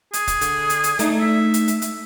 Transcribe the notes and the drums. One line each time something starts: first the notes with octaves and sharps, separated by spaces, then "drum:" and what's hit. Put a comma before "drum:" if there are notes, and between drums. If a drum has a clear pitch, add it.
G#4, drum: hi-hat
drum: kick, hi-hat
D3, drum: hi-hat
drum: hi-hat
drum: hi-hat
A3 D4 D#4, drum: hi-hat
E5
drum: hi-hat
drum: hi-hat
drum: hi-hat